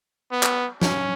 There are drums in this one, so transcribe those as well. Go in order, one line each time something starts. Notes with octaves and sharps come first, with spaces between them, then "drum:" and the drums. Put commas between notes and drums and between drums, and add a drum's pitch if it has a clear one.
B3
drum: clap
C#4, drum: snare